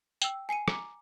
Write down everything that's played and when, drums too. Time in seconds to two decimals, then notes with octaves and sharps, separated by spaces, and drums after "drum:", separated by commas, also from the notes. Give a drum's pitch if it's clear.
0.22 G5 E6, drum: tambourine
0.49 G#5 C7 C#7 D#7
0.68 A#5 D6 C#7, drum: rim click